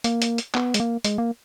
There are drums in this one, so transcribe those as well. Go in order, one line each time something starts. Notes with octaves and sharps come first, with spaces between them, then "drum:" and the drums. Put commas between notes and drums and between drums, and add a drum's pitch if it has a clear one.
A#3, drum: hi-hat
drum: hi-hat
drum: hi-hat
B3, drum: clap
G#3, drum: hi-hat
A#3
G#3, drum: hi-hat
A#3